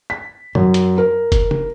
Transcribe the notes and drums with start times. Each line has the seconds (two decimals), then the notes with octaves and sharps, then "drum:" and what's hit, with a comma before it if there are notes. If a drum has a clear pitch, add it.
0.10 B6
0.55 F#2, drum: tom
0.74 drum: hi-hat
0.98 A#4
1.32 drum: kick, hi-hat
1.51 drum: tom